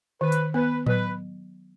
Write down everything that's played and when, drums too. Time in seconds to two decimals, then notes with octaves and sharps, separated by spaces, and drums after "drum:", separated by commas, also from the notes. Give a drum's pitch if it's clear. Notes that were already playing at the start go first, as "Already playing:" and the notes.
0.21 D#3 B4
0.32 drum: hi-hat
0.54 B3 B4
0.86 F#3 B4, drum: tom A2